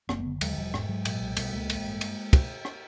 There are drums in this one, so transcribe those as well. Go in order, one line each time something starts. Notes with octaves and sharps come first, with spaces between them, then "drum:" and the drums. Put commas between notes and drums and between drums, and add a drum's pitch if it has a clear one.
F#1 A#3 C4, drum: rim click
A3 B3
D3
D#2 F#3 G#3, drum: cymbal
E1 F3 G3
G#2, drum: rim click
G#2 F#3 G#3
A#2, drum: cymbal
B1
B2 G3 A3, drum: cymbal
C#2 G#3 A#3
A1, drum: cymbal
G2
drum: cymbal
drum: kick, cymbal
drum: rim click